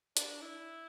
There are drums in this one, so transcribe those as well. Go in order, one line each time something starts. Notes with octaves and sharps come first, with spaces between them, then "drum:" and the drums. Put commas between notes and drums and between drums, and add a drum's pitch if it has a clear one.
D4, drum: hi-hat
E4